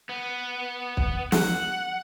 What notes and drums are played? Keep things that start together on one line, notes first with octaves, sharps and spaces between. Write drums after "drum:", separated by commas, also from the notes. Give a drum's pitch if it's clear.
B3
drum: kick
F#5, drum: snare